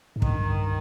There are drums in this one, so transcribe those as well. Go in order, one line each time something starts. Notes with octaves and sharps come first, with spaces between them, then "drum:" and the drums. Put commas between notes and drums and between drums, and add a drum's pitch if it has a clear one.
G#2
G2 D#3, drum: kick